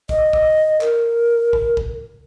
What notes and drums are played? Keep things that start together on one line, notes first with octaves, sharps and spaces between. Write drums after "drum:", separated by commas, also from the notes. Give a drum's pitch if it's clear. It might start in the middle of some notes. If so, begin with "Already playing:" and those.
D#5, drum: kick
drum: kick
A#4, drum: clap
drum: kick
drum: kick